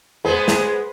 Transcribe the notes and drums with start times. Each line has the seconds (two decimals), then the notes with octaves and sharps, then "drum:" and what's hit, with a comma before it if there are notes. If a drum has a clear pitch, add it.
0.25 G#3 B3 G#4 B4 C5
0.48 drum: snare